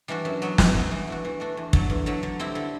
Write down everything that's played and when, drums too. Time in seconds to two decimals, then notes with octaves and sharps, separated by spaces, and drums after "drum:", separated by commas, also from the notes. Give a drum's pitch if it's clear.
0.08 E3 G3 D4 F#4
0.25 F#2
0.42 F#3 B3 F#4
0.58 F#2, drum: snare
0.75 F#3 B3 F#4
0.91 E3
1.07 A3 D4 F#4
1.25 E3
1.40 A3 D4 F#4
1.57 E2
1.73 D3 F#3, drum: kick
1.90 E2
2.06 D3 F#3
2.23 D3
2.39 G3 C4 E4
2.55 D3